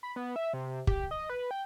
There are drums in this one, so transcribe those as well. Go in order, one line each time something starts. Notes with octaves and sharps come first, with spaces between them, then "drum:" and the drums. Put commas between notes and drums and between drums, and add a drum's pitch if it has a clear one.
B5
B3
E5
C3
G4, drum: kick
D#5
B4
G5